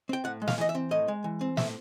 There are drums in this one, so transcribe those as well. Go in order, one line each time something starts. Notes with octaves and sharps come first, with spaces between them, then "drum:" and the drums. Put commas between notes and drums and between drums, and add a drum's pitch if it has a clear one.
C4 G5
A2 F#5
G#3
F5, drum: snare
E3 D#5
E5
C4
A2 D#5
G#3
E3
C4
A2 E5, drum: snare